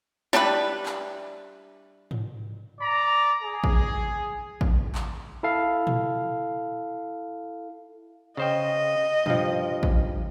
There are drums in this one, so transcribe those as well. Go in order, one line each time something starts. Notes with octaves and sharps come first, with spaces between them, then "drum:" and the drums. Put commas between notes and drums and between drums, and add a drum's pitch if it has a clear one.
G3 D4 E4 B4, drum: snare
drum: clap
drum: tom G#2
D5 A#5
G#4
drum: kick A1
drum: kick A1
drum: clap
E4 A4 F5
drum: tom A#2
C#3 C5 D#5 G5
G2 F3, drum: tom A#2
drum: kick A1